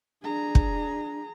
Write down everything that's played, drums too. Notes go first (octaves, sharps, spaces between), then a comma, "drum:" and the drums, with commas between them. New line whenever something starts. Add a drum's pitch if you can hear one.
D4 G#4 A#5
drum: kick